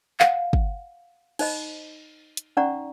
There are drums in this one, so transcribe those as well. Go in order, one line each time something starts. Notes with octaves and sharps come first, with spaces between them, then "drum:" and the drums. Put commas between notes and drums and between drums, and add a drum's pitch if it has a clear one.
F5 F#5, drum: clap
drum: kick
D#4 C5 D#5 B5, drum: cymbal
drum: hi-hat
C#4 D#4 D5 F#5 A#5 C#6